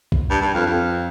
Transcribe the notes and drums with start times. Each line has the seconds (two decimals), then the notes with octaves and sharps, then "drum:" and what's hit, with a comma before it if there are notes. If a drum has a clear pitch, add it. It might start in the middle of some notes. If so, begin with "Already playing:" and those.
0.12 drum: kick
0.30 G2
0.41 G2
0.54 F2
0.66 F2